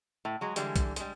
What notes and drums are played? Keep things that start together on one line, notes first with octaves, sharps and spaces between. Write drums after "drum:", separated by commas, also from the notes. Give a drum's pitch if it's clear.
A2
F#3 G#3
D3 E3 G3 G#3, drum: hi-hat
drum: kick, hi-hat
G3 G#3, drum: hi-hat